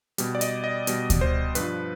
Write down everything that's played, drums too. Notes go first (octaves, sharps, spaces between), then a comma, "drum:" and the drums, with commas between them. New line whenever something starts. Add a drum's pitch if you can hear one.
B2 G3, drum: hi-hat
D5
D#5, drum: hi-hat
D#5
B2 G3, drum: hi-hat
drum: kick D2, hi-hat
C5
G2 F3 B4, drum: hi-hat